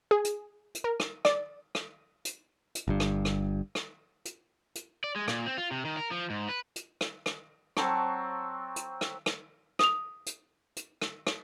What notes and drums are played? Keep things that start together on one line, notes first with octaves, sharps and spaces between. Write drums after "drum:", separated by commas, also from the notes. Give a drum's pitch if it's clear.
G#4
drum: hi-hat
drum: hi-hat
A#4
drum: rim click
D5, drum: rim click
drum: rim click
drum: hi-hat
drum: hi-hat
G1 G2
drum: rim click
drum: rim click
drum: rim click
drum: hi-hat
drum: hi-hat
D5
G#3
A#2, drum: rim click
C4
F4
C3
D#3
A#4
F3
G#2
B4
drum: hi-hat
drum: rim click
drum: rim click
F#3 C4 A5 C#6, drum: rim click
drum: hi-hat
drum: rim click
drum: rim click
D#6 F7, drum: rim click
drum: hi-hat
drum: hi-hat
drum: rim click
drum: rim click